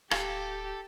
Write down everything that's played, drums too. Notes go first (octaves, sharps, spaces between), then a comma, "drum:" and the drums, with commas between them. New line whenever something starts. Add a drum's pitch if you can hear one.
D1 G4 A4 F5, drum: rim click